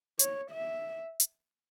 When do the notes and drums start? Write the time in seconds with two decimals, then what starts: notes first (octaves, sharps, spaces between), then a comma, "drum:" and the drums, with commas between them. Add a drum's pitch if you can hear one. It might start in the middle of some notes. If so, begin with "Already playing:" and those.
0.19 C#5, drum: hi-hat
0.51 E5
1.20 drum: hi-hat